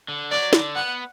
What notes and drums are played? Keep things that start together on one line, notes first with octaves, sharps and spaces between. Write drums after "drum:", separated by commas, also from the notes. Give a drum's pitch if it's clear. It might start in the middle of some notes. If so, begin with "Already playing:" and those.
D3
F#3 D5
D3, drum: snare
B3 F#5